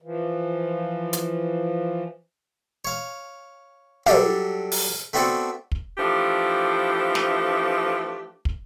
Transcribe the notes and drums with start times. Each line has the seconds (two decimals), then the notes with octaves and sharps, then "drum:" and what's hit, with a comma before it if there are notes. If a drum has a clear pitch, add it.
0.02 E3 F3
1.13 drum: hi-hat
2.85 C#5 F5
4.06 F#3 G3 D4 G4 A4, drum: tom
4.72 drum: open hi-hat
5.13 A3 B3 C4 D4 F#4 A4
5.72 drum: kick
5.98 E3 F3 A3 D4 G4
7.15 drum: snare
8.45 drum: kick